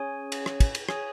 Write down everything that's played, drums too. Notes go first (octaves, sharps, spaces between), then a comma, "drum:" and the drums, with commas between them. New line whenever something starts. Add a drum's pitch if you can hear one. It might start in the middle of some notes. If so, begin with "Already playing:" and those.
Already playing: C#4 G#4 C#5 G#5
drum: cymbal
drum: rim click
drum: kick, cymbal
drum: cymbal
G#4 C#5 G#5, drum: rim click